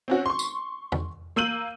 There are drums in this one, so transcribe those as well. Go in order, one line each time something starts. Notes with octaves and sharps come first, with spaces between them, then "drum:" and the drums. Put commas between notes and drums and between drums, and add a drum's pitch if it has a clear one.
C4 C#4 F#4
C6 C#6
drum: tambourine
drum: tom
A#3 E6 G6 D#7 F#7